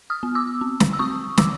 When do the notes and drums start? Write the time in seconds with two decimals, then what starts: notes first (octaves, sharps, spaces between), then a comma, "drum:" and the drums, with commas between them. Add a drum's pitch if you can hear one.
0.10 D#6 F6
0.23 B3
0.35 D6 E6
0.61 C4
0.80 drum: snare
0.93 E6
0.99 C4 C#6 D#6
1.38 E3 D6 E6, drum: snare